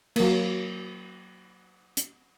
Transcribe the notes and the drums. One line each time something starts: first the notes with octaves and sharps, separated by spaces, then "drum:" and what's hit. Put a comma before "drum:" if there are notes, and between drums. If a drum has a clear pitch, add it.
F#3 A#3, drum: cymbal
drum: hi-hat